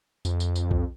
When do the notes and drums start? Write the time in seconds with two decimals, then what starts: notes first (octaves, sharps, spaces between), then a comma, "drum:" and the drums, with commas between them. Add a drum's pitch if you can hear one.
0.25 F2, drum: tambourine
0.40 drum: tambourine
0.56 drum: tambourine
0.71 drum: kick B1